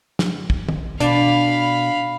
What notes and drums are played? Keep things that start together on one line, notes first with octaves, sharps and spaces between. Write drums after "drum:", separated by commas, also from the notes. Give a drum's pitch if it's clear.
drum: snare
drum: kick
drum: tom
B2 D4 F5 B5, drum: hi-hat